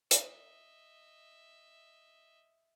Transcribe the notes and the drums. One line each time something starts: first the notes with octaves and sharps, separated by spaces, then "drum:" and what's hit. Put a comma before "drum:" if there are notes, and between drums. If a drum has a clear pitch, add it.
D#5 E5, drum: hi-hat